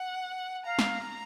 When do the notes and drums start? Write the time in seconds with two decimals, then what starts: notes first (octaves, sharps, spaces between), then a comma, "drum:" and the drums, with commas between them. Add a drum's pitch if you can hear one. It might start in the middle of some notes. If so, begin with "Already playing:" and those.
Already playing: F#5
0.65 F5 A#5
0.79 drum: snare